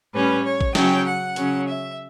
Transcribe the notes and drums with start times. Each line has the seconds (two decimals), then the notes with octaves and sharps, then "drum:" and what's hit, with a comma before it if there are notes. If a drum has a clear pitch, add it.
0.13 A2 G3 C#4 B4
0.45 C#5
0.61 drum: kick A1
0.75 C#3 F#3 C#4 G5, drum: snare
1.06 F#5
1.36 C#3 F#3 C#4, drum: hi-hat
1.68 E5